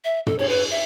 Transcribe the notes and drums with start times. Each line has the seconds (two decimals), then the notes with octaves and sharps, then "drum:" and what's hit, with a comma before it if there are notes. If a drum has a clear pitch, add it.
0.05 E5
0.27 A4, drum: tom
0.39 C#5, drum: cymbal
0.49 B4
0.71 E5